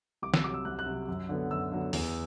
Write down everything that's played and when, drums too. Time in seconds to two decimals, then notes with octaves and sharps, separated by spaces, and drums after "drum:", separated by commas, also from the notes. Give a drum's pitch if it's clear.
0.22 C2 D6
0.34 E6, drum: snare
0.44 C3 F#3 D6
0.54 E6
0.65 C2 F#6
0.79 F#6
0.86 C3 F#3
1.08 F#2
1.29 D3 F#3 B3
1.51 F#2 E6
1.72 D3 F#3 B3
1.93 E2, drum: open hi-hat